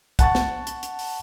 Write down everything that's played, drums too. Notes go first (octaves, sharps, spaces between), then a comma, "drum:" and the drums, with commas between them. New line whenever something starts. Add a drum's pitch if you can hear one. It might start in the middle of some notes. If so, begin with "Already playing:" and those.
F#5 A5 C#6 A6, drum: kick, hi-hat
drum: snare
drum: hi-hat
drum: hi-hat
drum: open hi-hat